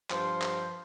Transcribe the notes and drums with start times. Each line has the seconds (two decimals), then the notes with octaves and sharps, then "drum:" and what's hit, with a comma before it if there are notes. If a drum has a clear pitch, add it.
0.10 G2 F3 C5, drum: clap
0.42 drum: clap